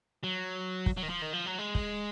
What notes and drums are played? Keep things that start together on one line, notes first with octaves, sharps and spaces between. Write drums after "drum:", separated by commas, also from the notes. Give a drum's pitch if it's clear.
F#3
drum: kick
F#3
D#3
F3
D#3
F3
F#3
G#3
drum: kick